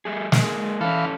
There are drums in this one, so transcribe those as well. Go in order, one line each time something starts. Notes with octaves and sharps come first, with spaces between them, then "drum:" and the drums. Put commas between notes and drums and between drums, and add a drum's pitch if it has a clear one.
G3 A3 G#4
G#3 A#3 G#4, drum: snare
E3 C#4 A4 F5